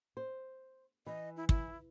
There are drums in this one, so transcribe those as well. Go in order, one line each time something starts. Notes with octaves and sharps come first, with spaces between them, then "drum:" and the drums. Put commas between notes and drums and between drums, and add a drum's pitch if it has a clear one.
C5
E3 D#5
E4
E4, drum: kick